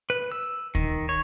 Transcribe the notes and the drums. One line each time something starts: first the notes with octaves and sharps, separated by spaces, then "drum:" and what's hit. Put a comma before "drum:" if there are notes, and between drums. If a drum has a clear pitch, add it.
B4
E6
D#3, drum: kick
C#5